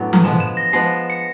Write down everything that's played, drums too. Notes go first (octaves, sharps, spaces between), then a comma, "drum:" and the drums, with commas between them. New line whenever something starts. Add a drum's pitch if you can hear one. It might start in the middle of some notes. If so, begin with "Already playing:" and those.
Already playing: A2 F#3 B3 D4
drum: tom E3
F3 G#3 B3 E7
E7
A#6
F3 G#3 B3 C7
C#7